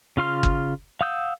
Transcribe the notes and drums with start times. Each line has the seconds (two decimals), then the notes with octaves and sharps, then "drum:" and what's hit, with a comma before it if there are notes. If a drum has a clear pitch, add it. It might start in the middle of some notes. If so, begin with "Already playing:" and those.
0.17 C#3 F4 C6 F6
0.43 drum: kick
1.01 F5 F#5 D#6 E6 G6